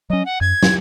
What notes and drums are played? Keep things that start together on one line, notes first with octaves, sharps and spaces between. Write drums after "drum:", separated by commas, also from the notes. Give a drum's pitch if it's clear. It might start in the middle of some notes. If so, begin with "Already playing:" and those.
F#3 C#4 D#5
F#5
F#2 G#6
drum: snare